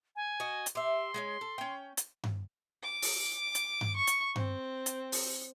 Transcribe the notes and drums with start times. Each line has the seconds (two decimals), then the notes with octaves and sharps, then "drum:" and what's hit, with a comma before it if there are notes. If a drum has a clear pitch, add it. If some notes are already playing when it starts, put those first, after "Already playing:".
0.16 G#5
0.40 F#4 D#5
0.66 drum: hi-hat
0.75 G4 E5 C6
1.14 G#3 B3 C#4
1.41 A4
1.58 C#4 G5
1.97 drum: hi-hat
2.24 drum: tom G2
2.83 D6
3.02 drum: open hi-hat
3.55 drum: hi-hat
3.81 drum: tom G2
3.96 C#6
4.07 drum: hi-hat
4.36 C4, drum: tom G2
4.86 drum: hi-hat
5.12 drum: open hi-hat